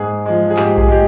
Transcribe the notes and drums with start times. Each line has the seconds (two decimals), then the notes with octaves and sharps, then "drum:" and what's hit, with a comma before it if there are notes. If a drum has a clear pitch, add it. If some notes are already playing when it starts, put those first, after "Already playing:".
Already playing: G#2 G#4
0.26 F3 G#3
0.50 G#4
0.57 G#2 G4, drum: clap
0.77 G#4, drum: kick A#1
0.88 G#3 G4